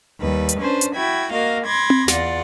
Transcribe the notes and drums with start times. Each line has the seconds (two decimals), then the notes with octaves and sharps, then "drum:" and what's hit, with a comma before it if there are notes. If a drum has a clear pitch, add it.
0.20 D#2 G3 B4
0.49 drum: hi-hat
0.60 C#4 D4 B4 C5
0.81 drum: hi-hat
0.95 E4 F#4 G5 B5 G#6
1.33 A#3 F#4 A#4 D#5 F5
1.65 B5 C6 D6 G#6 A#6
1.90 drum: tom C4
2.08 E2 F4 D5 F#5, drum: snare